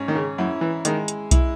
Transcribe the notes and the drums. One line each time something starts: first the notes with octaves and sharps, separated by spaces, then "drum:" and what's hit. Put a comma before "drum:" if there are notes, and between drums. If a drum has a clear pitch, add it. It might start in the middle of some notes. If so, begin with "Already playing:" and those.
Already playing: G#2 C#4
D#3
C#3
F#2 E4
E3
D#3 G#3, drum: hi-hat
drum: hi-hat
E4, drum: kick B1, hi-hat